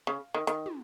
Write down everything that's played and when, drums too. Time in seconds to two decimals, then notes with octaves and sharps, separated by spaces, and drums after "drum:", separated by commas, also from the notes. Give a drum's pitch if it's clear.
0.07 C#3
0.34 D#3
0.47 D#3, drum: hi-hat
0.66 drum: tom